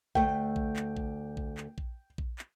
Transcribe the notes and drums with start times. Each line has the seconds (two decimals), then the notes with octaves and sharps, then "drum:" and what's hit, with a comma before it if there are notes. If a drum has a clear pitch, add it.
0.15 D2 A3 G5, drum: kick A#1
0.56 drum: kick A#1
0.76 drum: clap
0.97 drum: kick A#1
1.37 drum: kick A#1
1.57 drum: clap
1.78 drum: kick A#1
2.18 drum: kick A#1
2.39 drum: clap